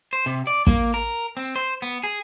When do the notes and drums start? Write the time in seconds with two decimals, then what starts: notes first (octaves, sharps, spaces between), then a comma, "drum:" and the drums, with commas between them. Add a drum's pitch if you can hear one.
0.13 C5
0.26 C3
0.47 D5
0.67 A#3, drum: kick
0.94 A#4
1.37 C4
1.56 C5
1.82 B3
2.04 G#4